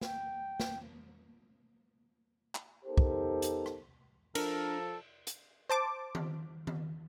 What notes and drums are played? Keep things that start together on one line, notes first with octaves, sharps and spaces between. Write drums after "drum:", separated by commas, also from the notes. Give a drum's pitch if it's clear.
G5, drum: snare
drum: snare
drum: clap
B3 D#4 G4 A4 A#4 C5
drum: kick
drum: hi-hat
drum: rim click
F3 D4 A4 A#4, drum: cymbal
drum: hi-hat
C5 A5 D6
drum: tom D#3
drum: tom D#3